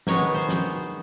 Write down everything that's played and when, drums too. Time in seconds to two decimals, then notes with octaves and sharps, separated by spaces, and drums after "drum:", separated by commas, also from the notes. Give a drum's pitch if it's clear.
0.07 D#3 G#3 B3 C#5, drum: snare
0.35 C5
0.49 drum: snare